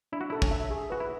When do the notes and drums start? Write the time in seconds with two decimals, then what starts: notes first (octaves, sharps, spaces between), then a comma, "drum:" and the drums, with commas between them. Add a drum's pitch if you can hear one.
0.12 D4 E4
0.21 F#4
0.30 E4 A4
0.42 C#4, drum: kick
0.51 E5
0.71 G#4
0.90 F#4 B4
1.00 E4